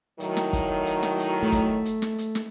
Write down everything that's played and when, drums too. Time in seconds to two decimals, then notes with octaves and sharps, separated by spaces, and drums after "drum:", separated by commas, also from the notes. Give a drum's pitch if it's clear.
0.20 A2 D#3 F#3, drum: hi-hat
0.37 drum: snare
0.53 drum: kick, hi-hat
0.86 drum: hi-hat
1.03 drum: snare
1.19 drum: hi-hat
1.43 A3
1.52 drum: kick, hi-hat
1.85 drum: hi-hat
2.02 drum: snare
2.18 drum: hi-hat
2.35 drum: snare